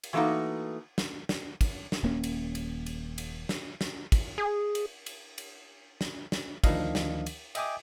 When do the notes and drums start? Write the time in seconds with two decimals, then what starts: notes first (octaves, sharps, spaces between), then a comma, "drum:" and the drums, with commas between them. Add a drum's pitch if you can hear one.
0.04 drum: cymbal
0.13 E3 F#3 A3 A#3 D#4 F#4
0.98 drum: snare
1.29 drum: snare
1.61 drum: kick, cymbal
1.92 drum: snare
2.03 D#1 A#3 C#4
2.24 drum: cymbal
2.55 drum: cymbal
2.86 drum: cymbal
3.18 drum: cymbal
3.49 drum: snare
3.81 drum: snare
4.12 drum: kick, cymbal
4.38 G#4
4.75 drum: cymbal
5.06 drum: cymbal
5.38 drum: cymbal
6.01 drum: snare
6.32 drum: snare
6.64 D2 D#3 F3 D4 D#5 F5, drum: kick, cymbal
6.95 drum: snare
7.26 drum: cymbal
7.55 D#5 E5 G5 G#5 D6 D#6, drum: cymbal